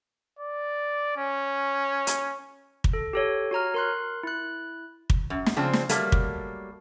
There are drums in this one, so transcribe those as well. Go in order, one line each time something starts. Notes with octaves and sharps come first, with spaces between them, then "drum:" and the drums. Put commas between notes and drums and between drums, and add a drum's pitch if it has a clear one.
D5
C#4
drum: hi-hat
drum: kick
A4
G4 A4 C#5
F#4 C#5 A#5 F6
A#4 C6 F#6
E4 F#6
drum: kick
F#2
drum: snare
C#3 F3 C4 D4
drum: snare
F#3 G3 A3 A#3, drum: hi-hat
drum: kick